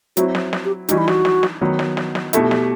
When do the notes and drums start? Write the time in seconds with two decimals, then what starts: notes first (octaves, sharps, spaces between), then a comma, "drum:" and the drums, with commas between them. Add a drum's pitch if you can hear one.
0.17 F#3 C4 E4 F#4, drum: hi-hat
0.35 drum: snare
0.53 drum: snare
0.65 G4
0.89 E3 G3 D#4 F#4, drum: hi-hat
0.98 E4
1.08 F#4, drum: snare
1.25 drum: snare
1.43 drum: snare
1.61 D#3 F#3 B3
1.79 drum: snare
1.97 drum: snare
2.15 drum: snare
2.33 B2 A3 E4 G4, drum: hi-hat
2.51 drum: snare